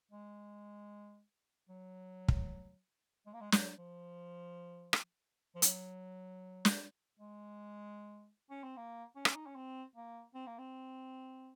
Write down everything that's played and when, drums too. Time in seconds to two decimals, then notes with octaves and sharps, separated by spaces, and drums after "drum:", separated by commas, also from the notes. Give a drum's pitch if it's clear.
0.11 G#3
1.69 F#3
2.28 drum: kick
3.26 G#3
3.34 A#3
3.41 G#3
3.52 F#3, drum: snare
3.78 F3
4.93 drum: rim click
5.55 F3
5.62 F#3, drum: hi-hat
6.65 drum: snare
7.19 G#3
8.50 C#4
8.64 C4
8.77 A#3
9.16 C#4
9.25 drum: rim click
9.35 D#4
9.46 C#4
9.56 C4
9.95 A#3
10.34 C4
10.46 A#3
10.58 C4